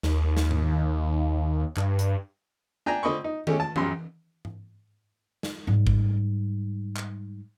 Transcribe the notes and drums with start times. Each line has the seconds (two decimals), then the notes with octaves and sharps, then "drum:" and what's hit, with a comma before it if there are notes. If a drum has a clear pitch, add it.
0.03 D#2, drum: snare
0.37 drum: snare
0.51 drum: tom G#2
1.77 G2, drum: clap
1.99 drum: hi-hat
2.86 D4 G5 G#5 A#5
3.03 D3 C4 D#5 B5 C#6
3.24 D#4
3.47 G#3 A3 C#4 G4, drum: tom D#3
3.60 A5
3.76 A#1 F#2 G4 C6, drum: tom E3
4.45 drum: tom G#2
5.43 drum: snare
5.67 G#2 G3
5.87 drum: kick
6.96 drum: clap